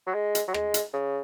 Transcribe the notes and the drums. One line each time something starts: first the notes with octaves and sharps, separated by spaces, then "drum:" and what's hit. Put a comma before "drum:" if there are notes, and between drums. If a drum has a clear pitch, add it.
F#3
G#3
drum: hi-hat
F#3
G#3, drum: rim click
drum: hi-hat
C#3